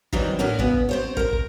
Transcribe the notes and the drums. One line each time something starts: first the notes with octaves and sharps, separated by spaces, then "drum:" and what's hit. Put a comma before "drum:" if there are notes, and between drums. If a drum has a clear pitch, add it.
D#3 E3 F#3 G3 C4, drum: kick
D2 A2 A#3 C#4 F#4 A#4
C#3 B3, drum: kick
drum: kick
C4 C5 C#5
A#4 A#5, drum: kick
drum: kick